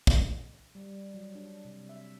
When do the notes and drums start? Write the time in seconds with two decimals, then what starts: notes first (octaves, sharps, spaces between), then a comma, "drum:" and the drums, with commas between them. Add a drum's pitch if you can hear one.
0.07 drum: kick
0.75 G3
1.14 F#3
1.35 D4
1.65 C3
1.89 E5